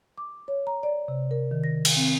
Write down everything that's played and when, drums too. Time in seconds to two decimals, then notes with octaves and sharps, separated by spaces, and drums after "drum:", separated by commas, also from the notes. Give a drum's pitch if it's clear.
0.18 D6
0.48 C#5
0.67 A#5
0.83 D5
1.08 C3
1.31 A#4
1.51 D#3
1.64 A#6
1.85 drum: cymbal
1.97 C4